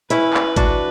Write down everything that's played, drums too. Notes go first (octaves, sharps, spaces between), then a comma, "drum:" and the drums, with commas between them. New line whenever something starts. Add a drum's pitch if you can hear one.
C#4 E4 B4, drum: hi-hat
drum: clap
D4 F#4, drum: kick G#1, hi-hat